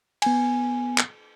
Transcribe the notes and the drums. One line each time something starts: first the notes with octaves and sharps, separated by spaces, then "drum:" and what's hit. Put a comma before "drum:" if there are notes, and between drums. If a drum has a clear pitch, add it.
B3 G#5, drum: cymbal
drum: clap